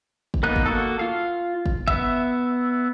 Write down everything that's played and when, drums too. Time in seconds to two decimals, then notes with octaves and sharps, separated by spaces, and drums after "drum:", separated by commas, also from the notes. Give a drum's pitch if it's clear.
0.34 drum: kick
0.43 A#3 B3 D#4 F#6
0.56 drum: kick
0.66 A#3 F#4 A4
0.99 F4 F5
1.66 drum: kick
1.88 B3 E5, drum: kick